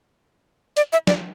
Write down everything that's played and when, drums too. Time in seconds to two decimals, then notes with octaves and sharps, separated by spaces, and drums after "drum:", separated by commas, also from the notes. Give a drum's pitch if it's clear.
0.77 D5, drum: hi-hat
0.93 E5
1.07 D5, drum: snare